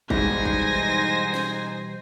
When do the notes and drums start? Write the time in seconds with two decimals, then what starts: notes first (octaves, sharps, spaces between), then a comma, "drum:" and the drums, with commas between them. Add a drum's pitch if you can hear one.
0.10 G#2 B2 E3 G3 D#4 C5 G#5 A#6, drum: kick G#1
0.45 drum: kick G#1
1.34 drum: snare